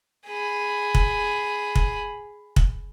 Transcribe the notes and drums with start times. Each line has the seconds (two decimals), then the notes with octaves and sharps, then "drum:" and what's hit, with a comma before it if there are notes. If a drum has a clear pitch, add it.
0.27 G#4 B5
0.95 drum: kick
1.75 drum: kick
2.56 drum: kick